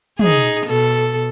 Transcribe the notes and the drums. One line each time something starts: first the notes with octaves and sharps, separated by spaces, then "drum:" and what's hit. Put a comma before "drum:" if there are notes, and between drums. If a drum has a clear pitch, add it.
D#4 G#4, drum: tom
B2 A4